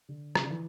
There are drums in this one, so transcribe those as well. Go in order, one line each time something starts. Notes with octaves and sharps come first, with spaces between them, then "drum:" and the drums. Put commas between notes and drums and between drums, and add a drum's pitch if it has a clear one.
D3
C#3, drum: rim click
D3
E3